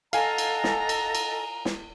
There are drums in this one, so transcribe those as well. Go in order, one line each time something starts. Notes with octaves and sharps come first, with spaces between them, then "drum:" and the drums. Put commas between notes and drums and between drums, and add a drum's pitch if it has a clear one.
A4 D#5 F5 F#5 G#5 A#5, drum: cymbal
drum: cymbal
drum: snare
drum: cymbal
drum: cymbal
drum: snare